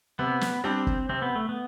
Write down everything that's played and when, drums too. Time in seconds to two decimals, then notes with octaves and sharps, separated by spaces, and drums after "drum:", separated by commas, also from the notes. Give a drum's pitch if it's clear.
0.19 C3 B3
0.41 drum: snare
0.64 G3 C4 D4
0.87 drum: kick
1.09 C3 C4
1.22 B3
1.36 A3
1.49 B3